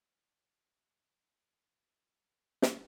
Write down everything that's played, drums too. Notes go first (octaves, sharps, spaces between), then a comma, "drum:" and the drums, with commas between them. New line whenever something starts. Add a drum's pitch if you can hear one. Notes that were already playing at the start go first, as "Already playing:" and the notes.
A#4 C5 A5 A#5
D#3 A3 A#3 C4 D4 D#4
D3
D3
drum: snare